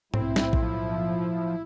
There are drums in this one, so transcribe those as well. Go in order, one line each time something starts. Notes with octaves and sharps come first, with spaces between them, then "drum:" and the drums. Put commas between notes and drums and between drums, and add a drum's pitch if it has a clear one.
B1 A2 C4 E4, drum: tom G#2
drum: snare
drum: kick A#1
F3